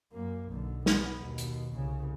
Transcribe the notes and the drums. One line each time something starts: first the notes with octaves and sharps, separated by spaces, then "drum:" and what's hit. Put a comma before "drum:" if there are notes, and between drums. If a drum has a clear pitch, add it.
F#2 A#3
B1 D3
B3, drum: snare
D#2 B2
drum: hi-hat
C2 C#3